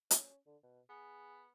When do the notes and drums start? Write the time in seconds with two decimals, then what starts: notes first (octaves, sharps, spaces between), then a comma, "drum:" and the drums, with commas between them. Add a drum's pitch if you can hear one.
0.11 C#4, drum: hi-hat
0.46 D3
0.63 B2
0.89 B3 G#4